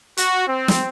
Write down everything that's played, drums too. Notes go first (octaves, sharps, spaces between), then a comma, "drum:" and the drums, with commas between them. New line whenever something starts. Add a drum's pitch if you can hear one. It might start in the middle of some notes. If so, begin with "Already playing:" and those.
F#4, drum: hi-hat
C4
drum: snare